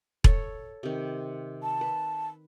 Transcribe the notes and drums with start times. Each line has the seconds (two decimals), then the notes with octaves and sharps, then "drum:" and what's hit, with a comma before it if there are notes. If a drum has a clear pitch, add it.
0.24 A4 C#5, drum: kick E1
0.83 C3 D#3
1.63 A5
1.81 B4